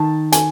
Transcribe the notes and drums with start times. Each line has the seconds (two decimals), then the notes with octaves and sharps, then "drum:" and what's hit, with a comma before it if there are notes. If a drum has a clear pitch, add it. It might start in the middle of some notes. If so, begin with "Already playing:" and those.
Already playing: D#3 A5
0.32 G#5, drum: hi-hat